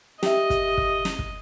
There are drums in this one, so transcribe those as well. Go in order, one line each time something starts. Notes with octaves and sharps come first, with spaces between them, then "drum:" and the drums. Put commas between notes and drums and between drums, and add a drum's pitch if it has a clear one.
G4 D#5 E5, drum: snare
drum: kick, hi-hat
drum: kick
drum: snare
drum: kick